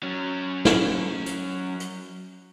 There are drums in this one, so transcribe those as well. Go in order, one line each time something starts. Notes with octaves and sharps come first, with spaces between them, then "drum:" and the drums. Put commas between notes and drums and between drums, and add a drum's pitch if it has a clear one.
F#3 C#4
drum: snare
drum: hi-hat
drum: hi-hat